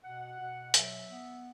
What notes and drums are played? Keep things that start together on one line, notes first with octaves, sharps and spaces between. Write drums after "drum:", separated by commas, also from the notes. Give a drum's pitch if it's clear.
B2 F#5
B2
F#3 E5, drum: hi-hat
B3